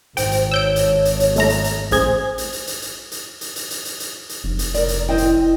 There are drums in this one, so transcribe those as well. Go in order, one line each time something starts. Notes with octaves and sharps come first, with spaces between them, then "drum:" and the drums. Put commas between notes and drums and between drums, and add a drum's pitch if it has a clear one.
G#1 C5 G5, drum: hi-hat
drum: hi-hat
C#5 E6 G6 D7
drum: hi-hat
drum: hi-hat
drum: hi-hat
A2 A3 A#5, drum: hi-hat
drum: hi-hat
drum: hi-hat
A1 G#4 C5 G#6, drum: hi-hat
drum: hi-hat
drum: hi-hat
drum: hi-hat
drum: hi-hat
drum: hi-hat
drum: hi-hat
drum: hi-hat
drum: hi-hat
drum: hi-hat
drum: hi-hat
drum: hi-hat
F1
drum: hi-hat
A#4 D5, drum: hi-hat
drum: hi-hat
E4 C5 D#5 G5
drum: hi-hat